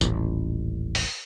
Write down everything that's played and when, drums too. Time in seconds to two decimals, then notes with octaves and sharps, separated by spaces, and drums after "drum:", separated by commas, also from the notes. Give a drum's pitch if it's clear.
0.01 D#1 A1, drum: tambourine
0.95 drum: open hi-hat